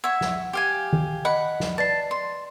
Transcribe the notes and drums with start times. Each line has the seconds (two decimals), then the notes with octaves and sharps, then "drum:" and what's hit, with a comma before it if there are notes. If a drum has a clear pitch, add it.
0.04 C#5 E5 F#5 G#6
0.21 drum: snare
0.53 G4 F5 G#5
0.93 drum: tom D#3
1.25 D#5 F#5 B5
1.60 drum: snare
1.78 B4 D5 A5 C7
2.11 C6